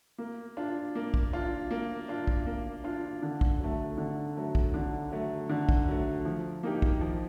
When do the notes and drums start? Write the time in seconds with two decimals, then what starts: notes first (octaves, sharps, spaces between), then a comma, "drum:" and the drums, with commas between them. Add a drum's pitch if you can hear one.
0.18 A#3
0.57 D4 F4
0.95 A#3
1.14 drum: kick
1.33 D4 F4
1.71 A#3
2.08 D4 F4
2.27 drum: kick
2.46 A#3
2.84 D4 F4
3.22 D3
3.41 drum: kick
3.60 F#3 A3
3.98 D3
4.36 F#3 A3
4.55 drum: kick
4.74 D3
5.11 F#3 A3
5.49 D3
5.69 drum: kick
5.88 F#3 A3
6.25 F3
6.63 A#3 D#4 G4
6.82 drum: kick
7.01 F3